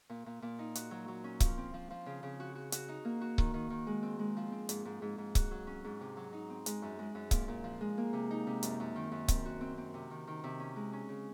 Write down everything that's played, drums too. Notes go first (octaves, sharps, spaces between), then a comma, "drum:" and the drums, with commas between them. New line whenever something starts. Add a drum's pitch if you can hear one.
A#2
A#2
A#2
D#4
F#4, drum: hi-hat
F#3
F#3
C#4
F3, drum: kick C#1, hi-hat
C4
F3
F3
C#3
C#3
F#4
F#4
F#4, drum: hi-hat
D#4
A#3
F#4
D#3, drum: kick C#1
D#3
D#3
G#3
C4
G#3
F3
C4
G#2, drum: hi-hat
G#2
G#2
G#2
F#4, drum: kick C#1, hi-hat
F#3
C#4
G#2
C3
F#3
D#4
C4
G#3, drum: hi-hat
F#2
G#3
F#2
A#2, drum: kick C#1, hi-hat
A#2
F3
G#3
A#3
C3
D#4
C3
F#2, drum: hi-hat
F#2
D#3
F#2
C4, drum: kick C#1, hi-hat
F#4
C4
C4
C3
D#3
D#3
C3
C#4
G#3
C#4
C#3